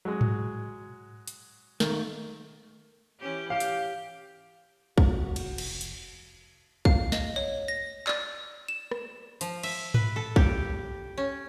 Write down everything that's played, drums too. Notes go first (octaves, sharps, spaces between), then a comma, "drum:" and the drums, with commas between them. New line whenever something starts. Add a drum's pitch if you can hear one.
F#3 G#3
drum: tom G#2
drum: hi-hat
D#3 A3 A4 A#4, drum: snare
E3 C#4 G4
G4 F5
drum: hi-hat
F1 F#4, drum: kick
drum: cymbal
drum: cymbal
drum: hi-hat
F5, drum: kick
D#5, drum: snare
C#5
A#6
D5, drum: clap
E7
drum: rim click
F3, drum: hi-hat
E5, drum: cymbal
B4, drum: tom G#2
A4
G4, drum: kick
C#4